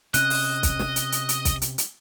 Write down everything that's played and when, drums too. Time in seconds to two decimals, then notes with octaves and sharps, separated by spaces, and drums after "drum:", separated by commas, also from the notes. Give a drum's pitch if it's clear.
0.14 C3 C#4 D#5 F#6, drum: hi-hat
0.30 drum: open hi-hat
0.63 drum: kick, hi-hat
0.79 drum: snare
0.96 drum: hi-hat
1.12 drum: hi-hat
1.29 drum: hi-hat
1.45 drum: kick, hi-hat
1.62 drum: hi-hat
1.78 drum: hi-hat